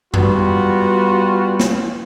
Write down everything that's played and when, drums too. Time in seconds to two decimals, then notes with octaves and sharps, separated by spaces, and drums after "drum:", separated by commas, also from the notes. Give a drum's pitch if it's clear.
0.14 G3 B3 F4 F#4, drum: tom F2
1.60 drum: snare